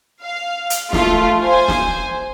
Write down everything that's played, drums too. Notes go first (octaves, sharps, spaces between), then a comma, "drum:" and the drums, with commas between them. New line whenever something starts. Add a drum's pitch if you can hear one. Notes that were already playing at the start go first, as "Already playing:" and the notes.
F5
drum: hi-hat
A3 F4, drum: snare
C5 G#5
drum: snare